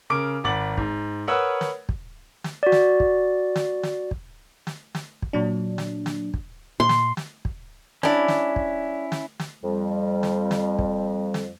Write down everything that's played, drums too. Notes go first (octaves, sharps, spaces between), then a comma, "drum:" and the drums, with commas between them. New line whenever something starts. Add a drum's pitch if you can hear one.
C#3 A#4 D6 D7
G#1 F#5 B5 D6 A6 F#7
G#2, drum: kick
A#4 B4 C#5 F#5 D#6 E6
drum: snare
drum: kick
drum: snare
F#4 D5
drum: snare
drum: kick
drum: snare
drum: snare
drum: kick
drum: snare
drum: snare
drum: kick
A#2 F#3 D4
drum: snare
drum: snare
drum: kick
A#2 C6
drum: snare
drum: snare
drum: kick
G3 C#4 D4 E4, drum: snare
drum: snare
drum: kick
drum: snare
drum: snare
F2 G3
drum: snare
drum: snare
drum: kick
drum: snare